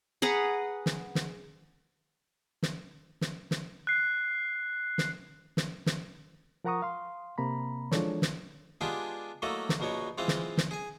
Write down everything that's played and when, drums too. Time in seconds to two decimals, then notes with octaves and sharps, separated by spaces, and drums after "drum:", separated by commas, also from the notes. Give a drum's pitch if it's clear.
0.22 G#4 B4 F#5 A#5
0.86 drum: snare
1.15 drum: snare
2.63 drum: snare
3.21 drum: snare
3.51 drum: snare
3.87 F#6 C7
4.98 drum: snare
5.57 drum: snare
5.86 drum: snare
6.64 F3 A#4 F#5 A#5 C#6 D#6
6.82 F5 C6
7.38 C3 A#3 A#5 B5
7.91 E3 F3 G#3 D4 A4 C#5, drum: snare
8.22 drum: snare
8.81 G#3 B3 D4 F4 G4 G#4
9.42 F#3 A3 A#3 E4 A4 D#5
9.69 drum: snare
9.80 A#1 B2 B3 D#4 C#5
10.18 E3 G#3 C4 F4 F5
10.28 drum: snare
10.58 drum: snare
10.71 G#4 G#5